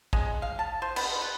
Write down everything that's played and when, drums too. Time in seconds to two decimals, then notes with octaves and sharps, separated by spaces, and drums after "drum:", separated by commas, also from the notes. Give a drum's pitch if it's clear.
0.13 G#3, drum: kick A1
0.42 F5
0.59 A5
0.82 C5
0.96 B3, drum: cymbal
1.22 B4